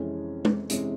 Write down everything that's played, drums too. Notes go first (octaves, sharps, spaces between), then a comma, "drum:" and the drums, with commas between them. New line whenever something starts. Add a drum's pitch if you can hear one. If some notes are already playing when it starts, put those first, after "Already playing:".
Already playing: F2 C3 E3 G#3 C#4
drum: tom
C3 E3 G#3 C#4, drum: hi-hat